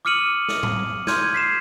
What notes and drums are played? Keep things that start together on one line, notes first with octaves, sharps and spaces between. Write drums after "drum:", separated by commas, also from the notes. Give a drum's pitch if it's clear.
D6 D#6 F6 C#7 D#7 F#7
drum: snare
drum: tom
C6 F6 G6 G#6 D#7, drum: snare
G#6 B6 C7 E7